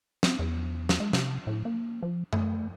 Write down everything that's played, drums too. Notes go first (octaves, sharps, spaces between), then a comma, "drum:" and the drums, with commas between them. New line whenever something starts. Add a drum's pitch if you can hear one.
C4, drum: snare
E2
drum: snare
G#3
C3, drum: snare
A2
A#3
F3
A3, drum: tom F#2